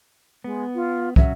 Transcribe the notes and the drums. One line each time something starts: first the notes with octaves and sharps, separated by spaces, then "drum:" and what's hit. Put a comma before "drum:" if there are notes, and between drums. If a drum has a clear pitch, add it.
G#3 B3
F4
F#3 C#4 F#4 E5, drum: kick